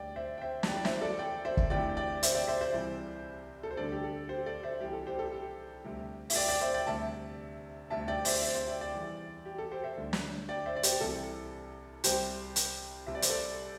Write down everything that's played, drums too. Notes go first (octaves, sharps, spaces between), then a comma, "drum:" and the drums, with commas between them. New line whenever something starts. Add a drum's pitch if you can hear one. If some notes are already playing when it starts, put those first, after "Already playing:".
Already playing: D2 C3 G3 D5 G5
C5 E5
G5
C5 E5
A5, drum: snare
E2 C3 E3 D5 G5
D5
C5 E5, drum: snare
A4 D5
D5 G5
C5 E5
drum: kick
D2 C3 E3 D5 G5
D5 G5
C5 E5, drum: hi-hat
D5 G5
C5 E5
C5 E5
C2 C3 E3 G3
A4
C5
D2 D3 G3 A4 D5
G4
A4
G4 C5
A4 D5
C5 E5
C2 C3 E3 G3 G4
A4
G4 C5
A4
G4
D2 C3 G3
E5, drum: open hi-hat
D5 G5
D5 G5
C5 E5
D5 G5
D2 C3 G3 E5 A5
D2 C3 G3 E5 A5
D5 G5
C5 E5, drum: open hi-hat
C5 E5
C5 E5
D5 G5
D5 G5
E2 E3 G3
G4
A4
G4 C5
C5 E5
D2 D3 G3
drum: snare
D5 G5
C5 E5
D5
G4 C5, drum: hi-hat
C2 C3 E3 G3 A4
C2 C3 G3 G4 C5, drum: hi-hat
drum: hi-hat
C2 C3 G3 E5
D5
C5, drum: hi-hat
A4 D5